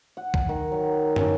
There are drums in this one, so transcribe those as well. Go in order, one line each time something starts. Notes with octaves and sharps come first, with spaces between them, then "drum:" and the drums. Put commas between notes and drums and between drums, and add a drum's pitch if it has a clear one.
F#5
drum: kick
D#3
F#3
C#4, drum: tom